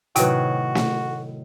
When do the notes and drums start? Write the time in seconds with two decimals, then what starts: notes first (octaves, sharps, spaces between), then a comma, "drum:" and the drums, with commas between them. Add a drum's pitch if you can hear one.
0.16 A2 C3 D#3 F#3 F#4 B4 G5, drum: hi-hat
0.75 drum: snare